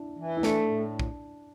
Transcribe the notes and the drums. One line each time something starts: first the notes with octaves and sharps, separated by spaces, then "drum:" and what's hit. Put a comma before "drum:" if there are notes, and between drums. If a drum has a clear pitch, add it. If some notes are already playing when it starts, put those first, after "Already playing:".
Already playing: D4 E4
E3
E4
A3 D4, drum: snare
A2
drum: kick A#1